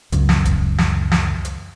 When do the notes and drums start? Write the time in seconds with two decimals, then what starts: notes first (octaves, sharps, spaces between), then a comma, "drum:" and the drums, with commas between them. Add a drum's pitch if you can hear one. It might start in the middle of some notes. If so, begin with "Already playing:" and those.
0.12 C#2 F#2, drum: hi-hat
0.29 drum: snare
0.45 drum: kick, hi-hat
0.78 drum: snare
1.12 drum: snare
1.45 drum: hi-hat